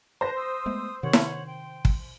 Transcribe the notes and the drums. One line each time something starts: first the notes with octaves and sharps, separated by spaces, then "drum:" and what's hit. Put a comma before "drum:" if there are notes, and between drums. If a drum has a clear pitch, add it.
B4 C5 A5 A#5 A#6
D#6 E6
G#3 A3 B3
C3 D#3 C#5 F#5
drum: snare E4
G5
drum: kick